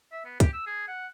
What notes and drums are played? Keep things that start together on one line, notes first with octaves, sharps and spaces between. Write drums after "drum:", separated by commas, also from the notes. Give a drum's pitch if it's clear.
E5
B3
G4, drum: kick, hi-hat
E6
G#4
F#5